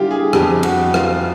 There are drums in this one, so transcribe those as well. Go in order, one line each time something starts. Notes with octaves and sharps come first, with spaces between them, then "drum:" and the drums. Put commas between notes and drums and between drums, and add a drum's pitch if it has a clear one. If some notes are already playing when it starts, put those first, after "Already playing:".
Already playing: D3 G3 E4 F4 G4
G#4
F2 G4, drum: rim click
F#4, drum: cymbal
F2
F4, drum: rim click